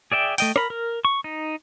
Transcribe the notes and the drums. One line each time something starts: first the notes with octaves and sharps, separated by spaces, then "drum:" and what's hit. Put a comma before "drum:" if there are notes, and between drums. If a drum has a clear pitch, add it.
G#4 D5 E5 G5
A3 D#5 G5, drum: open hi-hat
A#4 B5, drum: rim click
A#4
C#6
D#4